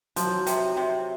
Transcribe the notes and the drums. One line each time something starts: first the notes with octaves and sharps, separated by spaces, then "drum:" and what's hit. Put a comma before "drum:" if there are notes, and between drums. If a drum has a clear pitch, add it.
F3 F#3, drum: hi-hat
C3, drum: hi-hat
C3